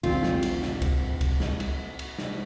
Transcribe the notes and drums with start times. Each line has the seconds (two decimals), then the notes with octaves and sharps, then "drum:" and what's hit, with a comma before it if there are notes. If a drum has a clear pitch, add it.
0.03 A1 D2 D#3 C4 F4, drum: cymbal
0.23 drum: snare
0.43 drum: cymbal
0.62 drum: snare
0.82 drum: kick C2, cymbal
1.21 drum: kick C2, cymbal
1.40 drum: snare
1.60 drum: cymbal
1.99 drum: cymbal
2.19 drum: snare